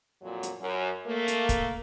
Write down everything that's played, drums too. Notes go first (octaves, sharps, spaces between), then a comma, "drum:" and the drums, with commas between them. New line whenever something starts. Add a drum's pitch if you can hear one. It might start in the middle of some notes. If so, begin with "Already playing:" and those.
F2 A#2 F#3
drum: hi-hat
F#2
A3 A#3
drum: hi-hat
drum: kick, hi-hat